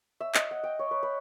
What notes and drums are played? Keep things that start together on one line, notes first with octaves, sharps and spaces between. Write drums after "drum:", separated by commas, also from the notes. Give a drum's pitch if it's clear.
E5
D#5, drum: clap
F#5
G5
C#5
B4
B4